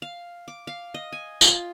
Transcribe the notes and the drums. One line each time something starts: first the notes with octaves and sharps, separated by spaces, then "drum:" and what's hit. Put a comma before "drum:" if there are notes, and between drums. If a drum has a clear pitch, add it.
F5
D6
F5
D#5
G#5
F4, drum: tambourine